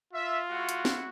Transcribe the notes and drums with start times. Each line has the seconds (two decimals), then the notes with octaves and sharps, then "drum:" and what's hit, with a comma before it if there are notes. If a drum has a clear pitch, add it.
0.13 F4 E5
0.50 G#3 E4 F#4
0.69 drum: hi-hat
0.85 drum: snare